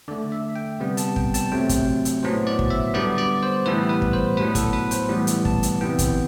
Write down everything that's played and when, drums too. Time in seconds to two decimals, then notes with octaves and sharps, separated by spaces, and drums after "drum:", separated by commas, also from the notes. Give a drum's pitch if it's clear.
0.08 D3 A3 D5
0.32 E5
0.56 G5
0.80 C3 G3 B3
0.97 A5, drum: hi-hat
1.16 G5, drum: kick
1.34 A5, drum: hi-hat
1.51 C3 F#3 A3 G5
1.69 drum: kick, hi-hat
2.05 drum: hi-hat
2.23 A2 F#3 B3 C5
2.47 D5
2.59 drum: kick
2.70 E5
2.94 D3 G3 B3 D5
3.18 D5
3.43 C5
3.66 A2 E3 G3 B3 B4
3.89 B4
4.02 drum: kick
4.13 C5
4.37 A2 F#3 B3 B4
4.55 A4, drum: kick, hi-hat
4.73 B4
4.91 C5, drum: hi-hat
5.09 A2 E3 G3 B3 D5
5.27 drum: hi-hat
5.45 A5, drum: kick
5.63 drum: hi-hat
5.81 C3 E3 B3 G5
5.99 drum: kick, hi-hat